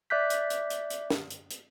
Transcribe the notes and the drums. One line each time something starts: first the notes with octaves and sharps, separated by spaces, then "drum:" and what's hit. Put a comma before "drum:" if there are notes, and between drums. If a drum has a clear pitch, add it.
D5 E5 D6 F#6 G6 B6
drum: hi-hat
drum: hi-hat
drum: hi-hat
drum: hi-hat
drum: snare
drum: hi-hat
drum: hi-hat